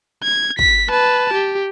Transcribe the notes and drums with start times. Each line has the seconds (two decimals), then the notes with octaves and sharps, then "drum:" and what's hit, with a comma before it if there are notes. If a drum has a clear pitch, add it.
0.23 G#6
0.59 B6, drum: kick
0.90 B4 A5
1.34 G4